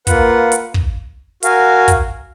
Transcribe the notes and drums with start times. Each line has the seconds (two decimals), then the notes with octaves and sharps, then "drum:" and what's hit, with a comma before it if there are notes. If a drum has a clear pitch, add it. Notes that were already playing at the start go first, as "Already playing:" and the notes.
0.07 A#3 F4 B4 F#5, drum: kick, hi-hat
0.52 drum: hi-hat
0.74 drum: kick
1.43 F#4 A#4 F5 G#5, drum: hi-hat
1.88 drum: kick, hi-hat